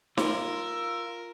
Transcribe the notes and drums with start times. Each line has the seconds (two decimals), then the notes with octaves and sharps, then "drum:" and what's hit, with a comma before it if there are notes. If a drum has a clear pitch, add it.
0.18 F4 A#4 E6, drum: snare